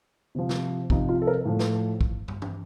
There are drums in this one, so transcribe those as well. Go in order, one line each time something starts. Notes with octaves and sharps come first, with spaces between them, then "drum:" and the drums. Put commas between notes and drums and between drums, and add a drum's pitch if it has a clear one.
C3 F3
drum: snare
C3 F3 D#4, drum: kick
F4
A4
A#4
A2 F3
drum: snare
drum: kick
drum: tom
drum: tom